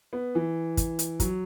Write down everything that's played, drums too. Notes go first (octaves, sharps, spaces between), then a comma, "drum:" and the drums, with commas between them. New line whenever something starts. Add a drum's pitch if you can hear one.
B3
E3
drum: kick, hi-hat
drum: hi-hat
F#3, drum: kick, hi-hat